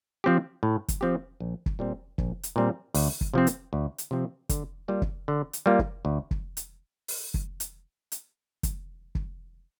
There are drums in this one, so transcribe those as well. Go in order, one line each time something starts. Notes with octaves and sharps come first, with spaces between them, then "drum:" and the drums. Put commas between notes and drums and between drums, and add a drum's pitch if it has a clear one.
F3 C4 G4
A2
drum: kick, hi-hat
F3 C4 G4
A#1
drum: kick
A#2 G3 C4
A#1, drum: kick
drum: hi-hat
A#2 G3 C4
D2, drum: open hi-hat
drum: kick
C3 F3 C4
drum: hi-hat
D2
drum: hi-hat
C3 F3 C4
D3, drum: kick, hi-hat
G3 A#3 F4
drum: kick
D3
drum: hi-hat
G3 A#3 F4
drum: kick
D2
drum: kick
drum: hi-hat
drum: open hi-hat
drum: kick
drum: hi-hat
drum: hi-hat
drum: kick, hi-hat
drum: kick